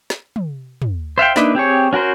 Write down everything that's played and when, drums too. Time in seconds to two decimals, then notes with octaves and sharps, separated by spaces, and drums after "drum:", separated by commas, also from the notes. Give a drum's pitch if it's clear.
0.10 drum: snare
0.36 drum: tom
0.82 drum: tom
1.18 C5 E5 F5 G5
1.36 A#3 D4 D#4 B4 E5, drum: snare
1.55 C4 G4 G#4 C#5
1.93 C#4 F#4 A#4 C5